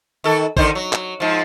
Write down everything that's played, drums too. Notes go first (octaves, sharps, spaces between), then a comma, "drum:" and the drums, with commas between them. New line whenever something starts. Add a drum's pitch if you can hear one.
D#3 A4
D3 D#3 C5, drum: kick A1
F#3
drum: clap
G#2 F3